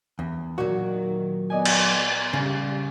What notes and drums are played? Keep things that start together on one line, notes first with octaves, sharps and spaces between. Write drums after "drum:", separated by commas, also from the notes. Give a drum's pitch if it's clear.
E2
A#2 D#3 F#3 F#4
B3 D5 D#5 G#5
drum: cymbal
C#3 G3